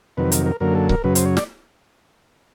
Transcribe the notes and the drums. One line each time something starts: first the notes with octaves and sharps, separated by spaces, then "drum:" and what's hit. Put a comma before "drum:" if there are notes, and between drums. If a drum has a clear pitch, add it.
F2 C3 D#3 F#3 B4
A#4, drum: hi-hat
A#4
F#2 D3 F#3 A#3 A#4
A4
A#4, drum: kick C#1
F#2 C#3 F#3 B4
C5, drum: hi-hat
C#5
D5, drum: snare